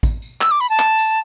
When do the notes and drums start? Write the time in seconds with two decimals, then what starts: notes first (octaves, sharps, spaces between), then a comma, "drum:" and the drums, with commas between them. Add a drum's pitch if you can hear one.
0.03 drum: kick, tambourine
0.22 drum: tambourine
0.41 E6, drum: clap
0.51 D6
0.60 B5, drum: tambourine
0.70 A5
0.79 drum: clap
0.98 drum: tambourine